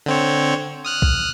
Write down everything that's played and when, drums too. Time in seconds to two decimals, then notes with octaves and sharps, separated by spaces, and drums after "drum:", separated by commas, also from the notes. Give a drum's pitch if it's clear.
0.06 D3 C4 C#5
0.85 D#6 F6 F#6
1.02 drum: kick B1